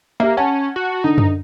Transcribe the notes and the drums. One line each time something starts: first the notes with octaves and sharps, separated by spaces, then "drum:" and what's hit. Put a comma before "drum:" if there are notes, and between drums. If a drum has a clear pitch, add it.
A#3 G4 E5
C#4 F#5 A5
F#4
D3 D#4
drum: tom F#2